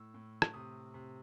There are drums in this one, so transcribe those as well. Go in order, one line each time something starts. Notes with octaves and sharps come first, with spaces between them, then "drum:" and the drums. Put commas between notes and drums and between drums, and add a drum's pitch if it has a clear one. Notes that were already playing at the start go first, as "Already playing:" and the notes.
Already playing: A2 E6
A2
drum: rim click
C3 D#6
C3